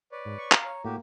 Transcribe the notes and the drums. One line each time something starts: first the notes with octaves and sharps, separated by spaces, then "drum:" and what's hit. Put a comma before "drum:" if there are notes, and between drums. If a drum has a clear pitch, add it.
B4 C#5 D5
G#2
C#6
F5 A#5, drum: clap
C#5
A2 A#3 F#4 G4